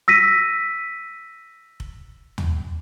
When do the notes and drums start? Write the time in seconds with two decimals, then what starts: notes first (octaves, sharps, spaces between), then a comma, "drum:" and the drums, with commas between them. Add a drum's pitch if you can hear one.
0.08 E6 A#6 B6 D#7
1.80 drum: kick F1
2.38 drum: tom